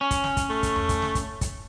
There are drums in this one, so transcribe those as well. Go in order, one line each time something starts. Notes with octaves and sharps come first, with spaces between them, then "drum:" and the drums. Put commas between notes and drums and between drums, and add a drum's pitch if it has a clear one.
C#4
drum: kick, hi-hat
drum: snare
drum: kick, hi-hat
A3
drum: kick, hi-hat
drum: tom E2
drum: kick, hi-hat
drum: snare
drum: kick, hi-hat
drum: kick, hi-hat